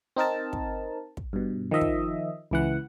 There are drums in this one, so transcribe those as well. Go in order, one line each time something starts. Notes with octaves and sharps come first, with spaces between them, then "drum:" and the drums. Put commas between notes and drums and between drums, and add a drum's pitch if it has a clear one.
C4 D#4 A#4 A5
drum: kick
drum: kick
G2 B2
D#3 F3 D#5 E5
drum: kick
C#2 E3 F#5